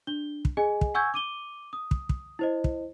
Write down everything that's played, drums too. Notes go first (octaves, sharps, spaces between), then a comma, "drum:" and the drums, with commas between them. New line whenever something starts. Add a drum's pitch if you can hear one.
D4 G7
drum: kick
G#4 D#5 G#5
drum: kick
F#5 G#5 C#6 E6 G6 G#6
D6 D#7 G7
D#6
drum: kick
drum: kick
E4 C5 D#5
drum: kick